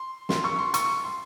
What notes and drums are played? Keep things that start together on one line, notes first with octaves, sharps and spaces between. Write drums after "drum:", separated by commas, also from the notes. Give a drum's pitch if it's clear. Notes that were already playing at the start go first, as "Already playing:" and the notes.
Already playing: C6
C6, drum: snare
C#6
C6
C#6, drum: hi-hat
C6